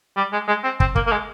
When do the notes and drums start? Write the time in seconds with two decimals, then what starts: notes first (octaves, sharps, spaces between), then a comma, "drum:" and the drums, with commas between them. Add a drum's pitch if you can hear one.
0.17 G3
0.33 G#3
0.48 G#3
0.64 C4
0.80 C4, drum: kick
0.95 A#3, drum: kick
1.07 A#3
1.11 G#3